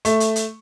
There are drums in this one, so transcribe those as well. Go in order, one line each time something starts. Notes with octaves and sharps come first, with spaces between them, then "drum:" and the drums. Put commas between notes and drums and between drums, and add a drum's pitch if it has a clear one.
A3, drum: hi-hat
drum: hi-hat
drum: hi-hat